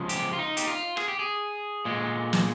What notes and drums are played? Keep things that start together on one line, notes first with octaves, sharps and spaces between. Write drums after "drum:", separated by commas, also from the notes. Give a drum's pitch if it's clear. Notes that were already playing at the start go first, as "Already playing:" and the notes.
Already playing: C#3 F3 G#3
G4, drum: hi-hat
F4
D#4
G4, drum: hi-hat
F4
G#4, drum: rim click
G4
G#4
A#2 G#3
drum: snare